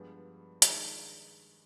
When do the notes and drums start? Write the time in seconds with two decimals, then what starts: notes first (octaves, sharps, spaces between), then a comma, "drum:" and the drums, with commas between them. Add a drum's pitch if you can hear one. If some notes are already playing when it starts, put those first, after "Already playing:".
Already playing: G2 F3 G#3 B3
0.62 D#3 G#3 D4, drum: hi-hat